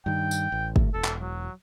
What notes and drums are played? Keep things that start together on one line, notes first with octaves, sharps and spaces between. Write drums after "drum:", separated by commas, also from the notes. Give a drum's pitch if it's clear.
G2 D#3 G5
drum: tambourine
A1
G1 A2, drum: kick
E1 A4
drum: clap
F#3